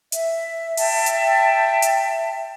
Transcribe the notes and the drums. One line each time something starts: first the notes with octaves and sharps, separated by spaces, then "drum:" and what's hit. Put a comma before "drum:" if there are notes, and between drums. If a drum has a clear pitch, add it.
E5, drum: hi-hat
E5 G5 A5, drum: open hi-hat
drum: hi-hat
drum: hi-hat